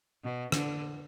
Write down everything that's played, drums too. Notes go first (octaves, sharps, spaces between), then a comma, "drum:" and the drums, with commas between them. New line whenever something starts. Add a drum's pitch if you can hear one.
B2
D3, drum: rim click